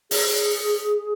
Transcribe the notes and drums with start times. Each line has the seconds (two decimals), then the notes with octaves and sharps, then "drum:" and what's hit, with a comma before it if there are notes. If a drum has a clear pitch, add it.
0.11 G#4, drum: open hi-hat